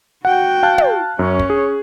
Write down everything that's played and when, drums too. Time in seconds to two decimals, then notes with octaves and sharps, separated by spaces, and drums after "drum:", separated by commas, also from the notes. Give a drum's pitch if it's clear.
0.25 F#4 F#5 G5
0.63 F5 A5 F#6
0.78 drum: tom
1.19 F#2 C#4 C#5
1.39 drum: kick
1.50 G#4